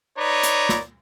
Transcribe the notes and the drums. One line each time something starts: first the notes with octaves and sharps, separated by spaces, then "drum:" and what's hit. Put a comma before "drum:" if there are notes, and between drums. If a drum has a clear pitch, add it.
D#4 B4 C#5 D5 A#5
drum: hi-hat
drum: snare